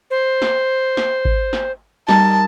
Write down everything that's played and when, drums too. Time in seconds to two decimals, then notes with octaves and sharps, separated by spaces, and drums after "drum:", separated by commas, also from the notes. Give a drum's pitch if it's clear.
0.11 C5
0.42 drum: snare
0.97 drum: snare
1.25 drum: kick G#1
1.53 drum: snare
2.08 G3 D#4 A#4 A5, drum: snare